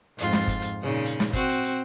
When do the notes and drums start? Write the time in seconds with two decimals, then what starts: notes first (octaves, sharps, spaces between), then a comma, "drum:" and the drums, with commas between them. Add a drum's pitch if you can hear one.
0.18 F2 G#2 F4, drum: hi-hat
0.33 drum: snare
0.47 drum: kick G1, hi-hat
0.62 drum: hi-hat
0.82 A#2 C#3 D#4
1.05 drum: hi-hat
1.20 drum: snare
1.33 C4 F#4, drum: kick G1, hi-hat
1.49 drum: hi-hat
1.63 drum: hi-hat